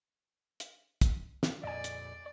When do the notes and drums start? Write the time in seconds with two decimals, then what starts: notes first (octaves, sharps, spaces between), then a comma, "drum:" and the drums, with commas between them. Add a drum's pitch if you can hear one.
0.60 drum: hi-hat
1.01 drum: kick, hi-hat
1.43 drum: snare
1.63 F2 A#2 D5 D#5 G#5
1.84 drum: hi-hat